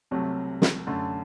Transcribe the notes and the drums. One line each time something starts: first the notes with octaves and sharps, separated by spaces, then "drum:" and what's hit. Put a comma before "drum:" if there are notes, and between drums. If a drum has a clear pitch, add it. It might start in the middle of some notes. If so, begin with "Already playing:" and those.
C2 C3 F#3 A3
drum: snare
F#2 D3 A3